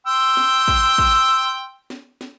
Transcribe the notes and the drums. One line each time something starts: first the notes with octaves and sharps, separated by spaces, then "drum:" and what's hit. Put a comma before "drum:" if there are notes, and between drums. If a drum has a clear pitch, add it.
G5 C6 E6
drum: snare
drum: kick
drum: kick
drum: snare
drum: snare